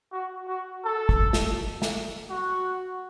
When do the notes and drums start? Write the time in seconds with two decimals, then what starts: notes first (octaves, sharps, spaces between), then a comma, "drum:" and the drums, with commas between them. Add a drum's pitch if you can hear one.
0.12 F#4
0.48 F#4
0.85 A4
1.09 drum: kick
1.33 drum: snare
1.82 drum: snare
2.30 F#4